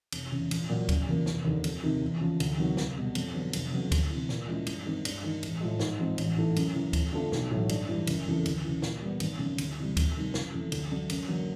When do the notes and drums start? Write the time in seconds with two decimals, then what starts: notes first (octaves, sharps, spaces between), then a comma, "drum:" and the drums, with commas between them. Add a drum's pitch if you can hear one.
0.12 F1, drum: cymbal
0.32 E2 C#3
0.51 A#1, drum: cymbal
0.69 A#2 F#3
0.89 F#1, drum: kick D2, cymbal
1.07 E2 C#3 F3 A#3
1.26 F1, drum: snare
1.44 D#2 D3
1.64 F2, drum: cymbal
1.84 C3 D#3
2.01 E2
2.21 C#3 F3
2.40 D2, drum: cymbal
2.58 C3 D#3 F#3
2.77 C2, drum: snare
2.97 B2 G3
3.15 F2, drum: cymbal
3.34 D3 F#3 B3
3.53 F1, drum: cymbal
3.72 F2 C#3 F#3 B3
3.92 D2, drum: kick D2, cymbal
4.11 C3 E3
4.29 A#2, drum: snare
4.48 F3 G#3 C#4 E4
4.67 G2, drum: cymbal
4.85 D#3 G#3 C4
5.05 G2, drum: cymbal
5.23 D#3 G#3
5.43 A1, drum: cymbal
5.61 A2 F3 G#3
5.80 G#2, drum: snare
5.99 F3 G#3 C4
6.18 A1, drum: cymbal
6.36 G#2 E3 A3
6.56 F#2, drum: cymbal
6.74 C#3 E3
6.93 F2, drum: kick D2, cymbal
7.12 D3 F3 A3 D4
7.32 B1, drum: snare
7.51 A2 F#3
7.69 G2, drum: cymbal
7.89 E3 G3
8.07 F#1, drum: cymbal
8.26 F2 C#3 E3 A3
8.46 D2, drum: cymbal
8.64 C#3 E3
8.82 A#2, drum: snare
9.02 G3 B3
9.20 G#1, drum: cymbal
9.39 F#2 C#3
9.58 D2, drum: cymbal
9.78 C3 E3 G3
9.97 F2, drum: kick D2, cymbal
10.15 C3 D#3 G3
10.34 F#1, drum: snare
10.53 F2 C#3 E3 A3
10.72 D2, drum: cymbal
10.91 D3 F#3 A3 D4
11.10 F#2, drum: cymbal
11.28 D3 F#3 A#3